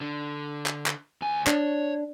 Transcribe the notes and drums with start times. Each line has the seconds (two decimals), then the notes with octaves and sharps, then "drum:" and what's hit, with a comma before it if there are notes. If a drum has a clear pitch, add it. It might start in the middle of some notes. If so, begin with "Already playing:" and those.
0.01 D3
0.66 drum: clap
0.86 drum: clap
1.22 D2 G#5
1.47 D4 C#5, drum: clap